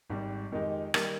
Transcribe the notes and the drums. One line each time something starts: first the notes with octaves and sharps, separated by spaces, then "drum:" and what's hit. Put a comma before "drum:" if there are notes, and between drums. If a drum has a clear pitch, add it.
G#1 G#2 G3
F2 D#3 G#3 D#4 G4
D#3 G3 A#3, drum: rim click